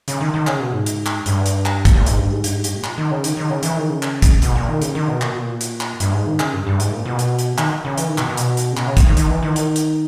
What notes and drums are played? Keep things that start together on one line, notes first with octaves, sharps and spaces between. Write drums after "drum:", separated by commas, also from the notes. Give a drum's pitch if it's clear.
C#3, drum: hi-hat
D#3
D#3
C#3, drum: clap
B2
G#2
drum: hi-hat
drum: clap
G2, drum: hi-hat
drum: hi-hat
drum: clap
drum: kick, hi-hat
A#2
G#2, drum: hi-hat
G2
G#2
G2, drum: hi-hat
G#2
G2, drum: hi-hat
A#2
drum: clap
D#3
C#3
D#3, drum: hi-hat
D#3
C#3
E3, drum: hi-hat
D#3
C#3
drum: clap
drum: kick, hi-hat
B2, drum: hi-hat
A#2
D#3
C#3, drum: hi-hat
D#3
B2
A#2, drum: clap
B2
A#2
drum: hi-hat
drum: clap
G2, drum: hi-hat
G#2
D#3
C#3, drum: clap
G2
G2
G#2, drum: hi-hat
A#2
B2
drum: hi-hat
drum: hi-hat
D#3, drum: clap
C#3
E3, drum: hi-hat
D#3
B2, drum: clap
B2
drum: hi-hat
drum: hi-hat
C#3
B2, drum: clap
C#3
drum: kick, hi-hat
D#3
D#3, drum: hi-hat
E3
D#3
drum: hi-hat
drum: hi-hat